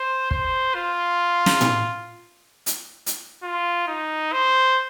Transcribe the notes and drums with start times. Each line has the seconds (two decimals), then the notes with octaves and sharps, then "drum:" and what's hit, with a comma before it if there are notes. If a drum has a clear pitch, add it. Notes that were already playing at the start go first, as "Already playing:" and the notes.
Already playing: C5
0.31 C5, drum: kick
0.75 F4
1.46 drum: snare
1.61 drum: tom A2
2.66 drum: hi-hat
3.06 drum: hi-hat
3.43 F4
3.87 D#4
4.33 C5